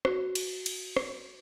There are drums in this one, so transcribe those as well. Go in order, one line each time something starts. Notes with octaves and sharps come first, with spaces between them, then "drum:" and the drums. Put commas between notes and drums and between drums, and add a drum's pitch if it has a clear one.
F#4, drum: rim click
drum: cymbal
drum: cymbal
drum: rim click